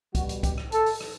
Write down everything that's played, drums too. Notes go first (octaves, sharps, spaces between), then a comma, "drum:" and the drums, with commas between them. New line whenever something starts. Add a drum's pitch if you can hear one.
B2 G3 F#4, drum: kick, hi-hat
drum: hi-hat
G4, drum: kick, hi-hat
drum: rim click
A4, drum: hi-hat
drum: open hi-hat
drum: rim click